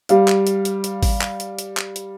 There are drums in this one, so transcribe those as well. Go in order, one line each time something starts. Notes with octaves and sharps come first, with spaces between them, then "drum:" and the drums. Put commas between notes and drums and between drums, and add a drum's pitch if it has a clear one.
G3 F5, drum: hi-hat
drum: clap
drum: hi-hat
drum: hi-hat
drum: hi-hat
drum: kick G#1, open hi-hat
drum: clap
drum: hi-hat
drum: hi-hat
drum: clap
drum: hi-hat